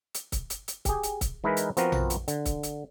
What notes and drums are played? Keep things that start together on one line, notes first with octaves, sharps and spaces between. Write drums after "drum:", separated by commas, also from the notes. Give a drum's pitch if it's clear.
drum: hi-hat
drum: kick C#1, hi-hat
drum: hi-hat
drum: hi-hat
G4 G#4, drum: kick C#1, hi-hat
drum: hi-hat
drum: kick C#1, hi-hat
E3 G#3 D#4 E4 A#4 B4
drum: hi-hat
F3 B3 C4 F#4 A#4, drum: hi-hat
drum: tom A#1
drum: hi-hat
D3, drum: hi-hat
drum: kick C#1, hi-hat
drum: hi-hat